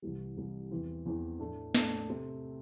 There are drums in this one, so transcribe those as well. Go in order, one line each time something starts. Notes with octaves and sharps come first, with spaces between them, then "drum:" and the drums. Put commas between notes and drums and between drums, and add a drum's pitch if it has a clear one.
C2 C3 E3 G3
C2 C3 E3 G3
E2 E3 C4
E2 E3 C4
A2 A3 D4
A2 A3 D4, drum: snare
C3 A3 C4